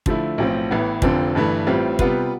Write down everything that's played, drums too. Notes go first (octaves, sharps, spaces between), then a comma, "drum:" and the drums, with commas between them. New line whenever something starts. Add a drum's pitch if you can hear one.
D3 F3 A3 E4, drum: kick
B1 A2 F3 C4
A1 A2 E3 B3
F1 F2 D3 F3 C4, drum: kick
G1 G2 E3 A3
A1 A2 G3 C4 F4
C3 G3 B3 F4 B4, drum: kick